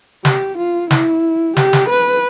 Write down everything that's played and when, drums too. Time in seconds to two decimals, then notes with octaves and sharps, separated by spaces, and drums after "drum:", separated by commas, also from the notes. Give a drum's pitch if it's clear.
0.25 G4, drum: snare
0.58 F4
0.91 E4, drum: snare
1.57 G4, drum: snare
1.73 drum: snare
1.89 B4